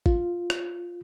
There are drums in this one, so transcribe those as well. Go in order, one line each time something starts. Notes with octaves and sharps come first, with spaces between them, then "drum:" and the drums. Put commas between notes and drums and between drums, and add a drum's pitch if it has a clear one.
F4, drum: kick G#1
drum: rim click